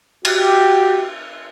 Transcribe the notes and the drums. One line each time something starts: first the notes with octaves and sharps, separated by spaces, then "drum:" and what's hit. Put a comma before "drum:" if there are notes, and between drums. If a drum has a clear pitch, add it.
F#4 G4, drum: cymbal